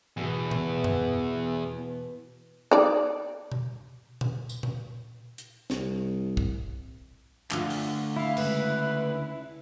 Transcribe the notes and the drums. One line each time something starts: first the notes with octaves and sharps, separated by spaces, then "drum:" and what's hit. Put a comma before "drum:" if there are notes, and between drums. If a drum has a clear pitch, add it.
E2 B2 E3 B3
drum: tom A#2
drum: tom F#2
D#4 D5
drum: tom B2
drum: tom A#2
drum: tambourine
drum: tom A#2
drum: hi-hat
C2, drum: snare
drum: kick
D2 D3 D4 F4 F#5, drum: clap
drum: open hi-hat
E4 F5
C#3 G#3 B4, drum: cymbal